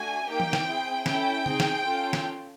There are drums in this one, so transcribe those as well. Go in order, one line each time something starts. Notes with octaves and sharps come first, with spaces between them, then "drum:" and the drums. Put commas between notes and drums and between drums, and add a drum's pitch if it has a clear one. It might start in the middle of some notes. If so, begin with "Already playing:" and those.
Already playing: A3 D4 F#4 G#5
A#3 D#4 G4 G5
drum: tom E3
drum: snare
C4 E4 G#4
C#4 E4 A4 G5, drum: snare
C4 D#4 G#4, drum: tom C3
drum: snare
C#4 F4 A4
drum: snare